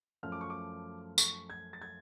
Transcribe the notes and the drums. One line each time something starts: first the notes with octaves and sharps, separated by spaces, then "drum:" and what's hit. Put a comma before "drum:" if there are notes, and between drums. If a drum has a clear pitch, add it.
F#2 F3 A3 F6
D6
C#6
D6
C#6, drum: tambourine
G#6
A6
G#6